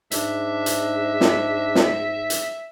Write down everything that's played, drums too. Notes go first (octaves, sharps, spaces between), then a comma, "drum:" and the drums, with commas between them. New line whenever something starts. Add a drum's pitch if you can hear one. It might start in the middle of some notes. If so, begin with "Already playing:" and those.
G#2 D4 E5, drum: hi-hat
drum: hi-hat
drum: snare
drum: snare
drum: hi-hat